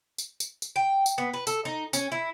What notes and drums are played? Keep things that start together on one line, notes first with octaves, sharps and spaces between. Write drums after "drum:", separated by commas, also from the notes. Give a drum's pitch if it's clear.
drum: tambourine
drum: tambourine
drum: tambourine
G5
drum: tambourine
B3
B4
A4, drum: tambourine
D#4
C#4, drum: tambourine
E4